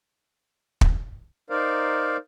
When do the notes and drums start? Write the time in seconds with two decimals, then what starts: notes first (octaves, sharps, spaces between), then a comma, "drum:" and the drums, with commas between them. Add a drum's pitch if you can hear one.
0.81 drum: kick
1.50 D#4 A#4 C5 D5 F5